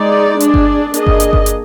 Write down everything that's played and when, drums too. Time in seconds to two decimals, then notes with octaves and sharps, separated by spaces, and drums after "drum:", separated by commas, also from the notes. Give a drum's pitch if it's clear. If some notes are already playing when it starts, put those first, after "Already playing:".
Already playing: G#3 D#4 G#4 D5
0.40 D4 G#4 D5, drum: hi-hat
0.54 drum: kick G1
0.94 A#3 D4 G#4 D#5, drum: hi-hat
1.07 drum: kick G1
1.20 drum: hi-hat
1.33 drum: kick G1
1.46 drum: hi-hat